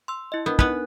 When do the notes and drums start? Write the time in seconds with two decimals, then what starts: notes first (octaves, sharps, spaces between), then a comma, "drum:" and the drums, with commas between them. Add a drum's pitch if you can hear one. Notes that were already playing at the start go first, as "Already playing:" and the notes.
0.08 C6 E6
0.32 E4 D#5
0.46 B3 D4 A#4
0.59 B3 D#4 B4 F#6, drum: kick